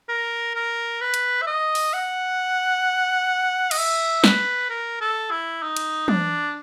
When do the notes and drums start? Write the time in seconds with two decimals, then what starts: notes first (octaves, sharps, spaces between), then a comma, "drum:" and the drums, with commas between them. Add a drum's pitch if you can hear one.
0.09 A#4
0.55 A#4
1.01 B4
1.14 drum: hi-hat
1.42 E5
1.47 D#5
1.75 drum: open hi-hat
1.94 F#5
3.71 D#5, drum: cymbal
3.78 E5
4.24 B4, drum: snare
4.70 A#4
5.01 A4
5.31 E4
5.63 D#4
5.76 drum: cymbal
6.08 D4, drum: tom